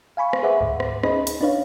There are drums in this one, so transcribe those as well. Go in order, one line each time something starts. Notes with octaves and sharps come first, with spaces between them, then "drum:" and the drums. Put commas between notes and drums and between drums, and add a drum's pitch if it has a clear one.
F5 G#5 B5 C#6
drum: rim click
G#4 B4 C5 E5 F#5 D6
D2 G#2
drum: rim click
C#4 D#4 G#4 D#5 B5, drum: rim click
drum: hi-hat
D4 D#4 B4 C#5 F5